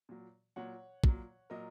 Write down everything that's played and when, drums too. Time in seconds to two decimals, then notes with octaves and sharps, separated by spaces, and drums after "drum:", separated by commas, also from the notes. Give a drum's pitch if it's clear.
0.09 A#2 F#3
0.56 A#2 F#3 C#5 F#5
1.04 A#2 F#3, drum: kick
1.50 A#2 F#3 A#4 D#5